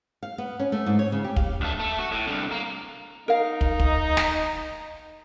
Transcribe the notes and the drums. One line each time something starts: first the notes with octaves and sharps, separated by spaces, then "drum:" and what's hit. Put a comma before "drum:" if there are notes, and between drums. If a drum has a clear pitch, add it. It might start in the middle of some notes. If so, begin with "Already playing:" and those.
F5
B3
C#4
A3
G#2
C#5
C#3
G4
F5, drum: kick
D2 A3
A3
F#4
A2
C2 D3
A#3
D#4 A#4 F5
drum: kick
drum: kick
drum: snare